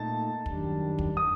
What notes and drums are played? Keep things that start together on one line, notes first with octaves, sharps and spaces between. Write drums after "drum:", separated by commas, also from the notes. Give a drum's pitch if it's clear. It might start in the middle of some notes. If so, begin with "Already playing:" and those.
Already playing: A#2 A3 D#4 A5
F#2 D#3 G3 D4, drum: kick
drum: kick
D#6